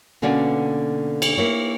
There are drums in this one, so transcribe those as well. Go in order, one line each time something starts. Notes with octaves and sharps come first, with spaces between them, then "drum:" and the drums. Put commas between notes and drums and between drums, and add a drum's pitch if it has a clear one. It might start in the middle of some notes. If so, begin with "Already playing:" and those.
B2 D3 A#3 C#4 D5 F#5
drum: cymbal
A#3 E4 C#5